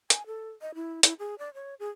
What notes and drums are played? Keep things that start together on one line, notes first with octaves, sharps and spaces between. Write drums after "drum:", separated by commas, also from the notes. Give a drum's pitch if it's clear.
G#5, drum: hi-hat
A4
D#5
E4
E4, drum: hi-hat
G#4
D5
C#5
G#4